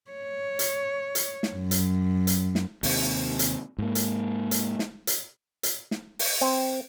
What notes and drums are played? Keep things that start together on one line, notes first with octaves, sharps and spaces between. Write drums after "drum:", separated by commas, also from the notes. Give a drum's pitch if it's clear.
C#5
drum: hi-hat
drum: hi-hat
drum: snare
F#2
drum: hi-hat
drum: hi-hat
drum: snare
D#2 C3, drum: open hi-hat
drum: hi-hat
G#2 A#3
drum: hi-hat
drum: hi-hat
drum: snare
drum: hi-hat
drum: hi-hat
drum: snare
drum: open hi-hat
C4